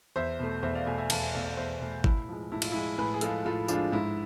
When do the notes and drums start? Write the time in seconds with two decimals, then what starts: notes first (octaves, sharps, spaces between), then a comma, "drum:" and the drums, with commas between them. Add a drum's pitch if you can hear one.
0.16 E2 C5 E5
0.39 B2 A3
0.63 E2 C5 E5
0.75 D5 F5
0.86 B2 A3 E5 G#5
0.98 E5 G#5
1.10 E2 F5 A5, drum: cymbal
1.22 E5 G#5
1.33 B2 A3 D5 F5
1.45 D5 F5
1.57 E2 C5 E5
1.80 B2 A3
2.04 A2 E4, drum: kick G#1
2.28 F3 G#3
2.52 A2 E4
2.62 F4, drum: cymbal
2.72 F3 G#3 E4
2.98 A2 G#4 B4
3.14 G#4
3.21 F3 G#3 F4 A4, drum: hi-hat
3.45 A2 F4 A4
3.68 F3 G#3 D4 F4, drum: tambourine
3.92 G#2 E4